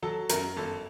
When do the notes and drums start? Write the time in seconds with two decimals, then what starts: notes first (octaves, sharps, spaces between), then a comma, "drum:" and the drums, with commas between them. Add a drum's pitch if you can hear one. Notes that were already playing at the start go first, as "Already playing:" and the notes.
0.03 F#3 A4 A5
0.29 F#2 A#4 A#5, drum: hi-hat
0.57 G1 A4 A5